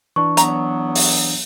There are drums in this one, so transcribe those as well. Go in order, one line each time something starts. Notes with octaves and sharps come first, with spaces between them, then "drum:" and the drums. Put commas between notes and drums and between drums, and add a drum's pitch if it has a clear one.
E3 D4 C#6
E2 F#3 B3 A#5, drum: hi-hat
drum: open hi-hat